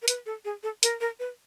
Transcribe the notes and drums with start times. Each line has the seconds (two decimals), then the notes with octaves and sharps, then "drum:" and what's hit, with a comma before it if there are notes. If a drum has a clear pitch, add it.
0.02 A#4
0.08 B4, drum: hi-hat
0.26 A4
0.45 G#4
0.63 A4
0.83 A#4, drum: hi-hat
1.01 A#4
1.19 B4